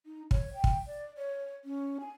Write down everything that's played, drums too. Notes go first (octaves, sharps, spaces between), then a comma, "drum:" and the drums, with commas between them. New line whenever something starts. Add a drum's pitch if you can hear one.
D#4
C#5, drum: kick
G5
drum: kick
D5
C#5
C#4
G#5